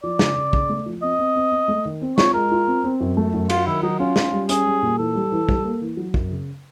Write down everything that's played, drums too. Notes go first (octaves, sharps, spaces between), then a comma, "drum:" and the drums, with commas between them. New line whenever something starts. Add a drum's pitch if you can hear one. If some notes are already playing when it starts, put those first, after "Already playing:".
F3 D5
C#3, drum: snare
C#3
C#3, drum: kick
A3
F3
C4 D#5
C4
C4
C4
A3
D#3
C4
F4 C#5, drum: snare
G#3 A#4
F4
C4
C4
F#2
A3
F#2
F#3 F4, drum: cymbal
D#3 E4
F#3 D#4
C#4 F4
C#4, drum: snare
G3
C#4 G#4, drum: hi-hat
G3
A#2
E3 A4
G3
E3
G3, drum: kick
A#3
E3
F#3
F#2, drum: kick
C#3